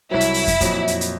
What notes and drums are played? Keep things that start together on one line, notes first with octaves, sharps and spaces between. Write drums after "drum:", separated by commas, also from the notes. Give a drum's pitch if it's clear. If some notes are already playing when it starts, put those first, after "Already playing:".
C2 F#3 E4
drum: hi-hat
drum: open hi-hat
drum: kick, hi-hat
F2 A#2 F#3, drum: kick, hi-hat
drum: hi-hat
drum: hi-hat